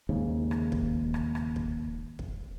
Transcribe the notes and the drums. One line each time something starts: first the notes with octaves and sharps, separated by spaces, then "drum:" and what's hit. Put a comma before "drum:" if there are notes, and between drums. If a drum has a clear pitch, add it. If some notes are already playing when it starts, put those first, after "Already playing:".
D#2 G#2 C#3
drum: rim click
drum: kick
drum: rim click
drum: rim click
drum: kick
drum: kick